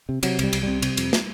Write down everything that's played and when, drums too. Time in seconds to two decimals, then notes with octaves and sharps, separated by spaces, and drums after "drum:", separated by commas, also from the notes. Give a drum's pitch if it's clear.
0.09 C3
0.23 C3 F#3, drum: cymbal
0.39 C2 G3, drum: cymbal
0.53 C2, drum: cymbal
0.63 C3 G3
0.82 C3, drum: cymbal
0.97 F2, drum: cymbal
1.13 drum: snare